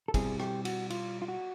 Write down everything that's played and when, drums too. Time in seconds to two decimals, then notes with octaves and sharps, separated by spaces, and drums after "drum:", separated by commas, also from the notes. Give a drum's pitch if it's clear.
0.08 A4
0.14 B2 G3 C4 E4 G#4, drum: kick, cymbal
0.40 G4, drum: rim click
0.65 F#4, drum: cymbal
0.90 F4, drum: cymbal
1.22 F4
1.28 F#4